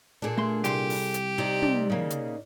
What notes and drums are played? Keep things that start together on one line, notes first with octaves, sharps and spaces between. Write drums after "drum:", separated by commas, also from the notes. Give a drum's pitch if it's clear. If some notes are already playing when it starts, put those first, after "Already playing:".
A#2 D4 G#4 A4
A3 C6
C2 G4 C6, drum: hi-hat
drum: open hi-hat
drum: hi-hat
C3 D#4 D5 D#5
drum: tom
C#3 A#3
drum: hi-hat